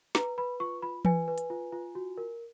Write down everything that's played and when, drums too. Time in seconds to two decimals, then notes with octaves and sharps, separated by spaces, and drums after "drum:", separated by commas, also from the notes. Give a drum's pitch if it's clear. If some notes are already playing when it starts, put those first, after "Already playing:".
0.15 B4 A#5, drum: snare
0.38 B4 B5
0.60 F4 C#6
0.82 F4 B5
1.05 B4 G#5, drum: tom E3
1.28 B4
1.38 drum: hi-hat
1.50 F4
1.72 F4
1.95 F#4
2.17 A#4